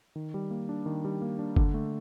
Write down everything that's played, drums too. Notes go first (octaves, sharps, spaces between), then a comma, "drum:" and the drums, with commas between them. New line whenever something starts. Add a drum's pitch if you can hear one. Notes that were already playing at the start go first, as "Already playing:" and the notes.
D#3
G3
A#3
D4
D#3
G3
A#3
D4
D3, drum: kick F#1
A3